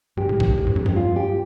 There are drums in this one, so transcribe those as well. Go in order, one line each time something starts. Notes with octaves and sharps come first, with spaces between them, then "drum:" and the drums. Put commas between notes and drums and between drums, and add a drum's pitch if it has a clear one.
G2 G4
A2
G2, drum: kick
A2
G2
F2
G2 G4, drum: tom
F4
G4